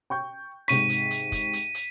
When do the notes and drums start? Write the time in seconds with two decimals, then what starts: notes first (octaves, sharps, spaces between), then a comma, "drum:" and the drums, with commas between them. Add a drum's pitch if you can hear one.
0.10 G5 C#6 G6
0.68 G#2 C3 C#6 B6 D#7, drum: hi-hat
0.89 drum: hi-hat
1.11 drum: hi-hat
1.32 drum: kick, hi-hat
1.53 drum: hi-hat
1.74 drum: hi-hat